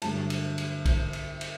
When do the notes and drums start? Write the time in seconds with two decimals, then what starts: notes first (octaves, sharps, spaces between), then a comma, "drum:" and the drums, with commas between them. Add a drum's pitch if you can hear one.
0.02 G2 D3 F#3 A3 A5, drum: cymbal
0.30 drum: cymbal
0.58 drum: cymbal
0.85 drum: kick B1, cymbal
1.13 drum: cymbal
1.41 drum: cymbal